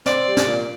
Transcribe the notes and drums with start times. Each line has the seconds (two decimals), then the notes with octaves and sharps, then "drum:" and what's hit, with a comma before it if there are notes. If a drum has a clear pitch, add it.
0.06 C4 D5, drum: snare
0.26 G3
0.37 drum: snare
0.47 A#2